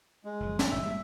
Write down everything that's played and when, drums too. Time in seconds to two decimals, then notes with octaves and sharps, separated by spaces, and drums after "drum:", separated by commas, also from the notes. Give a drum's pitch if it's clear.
0.25 G#3
0.40 F#1 D2 F3
0.59 drum: snare
0.71 G1 A2 E3 E5
0.83 G3 G#3 A#3